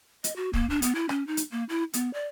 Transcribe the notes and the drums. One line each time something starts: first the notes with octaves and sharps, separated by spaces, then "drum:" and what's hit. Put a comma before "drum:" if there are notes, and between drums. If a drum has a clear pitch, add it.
D#5, drum: hi-hat
F#4
A#3, drum: kick
D4
B3, drum: hi-hat
E4
C#4, drum: rim click
D#4
drum: hi-hat
A#3
E4
B3, drum: hi-hat
D5